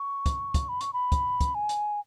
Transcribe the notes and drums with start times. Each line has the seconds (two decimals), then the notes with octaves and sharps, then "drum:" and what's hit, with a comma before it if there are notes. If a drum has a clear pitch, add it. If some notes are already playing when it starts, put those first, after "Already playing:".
Already playing: C#6
0.26 drum: kick, hi-hat
0.54 drum: kick, hi-hat
0.69 B5
0.81 C#6, drum: hi-hat
0.93 B5
1.12 drum: kick, hi-hat
1.41 drum: kick, hi-hat
1.55 G#5
1.69 drum: hi-hat